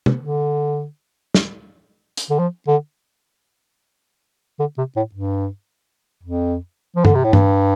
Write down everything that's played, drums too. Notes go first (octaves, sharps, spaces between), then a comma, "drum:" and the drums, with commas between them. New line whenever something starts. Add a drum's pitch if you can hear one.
drum: tom
D3
drum: snare
drum: hi-hat
D3
F3
D3
D3
C3
A2
G2
F2
F3
D3, drum: tom G2
C3
A2
G2, drum: tom G2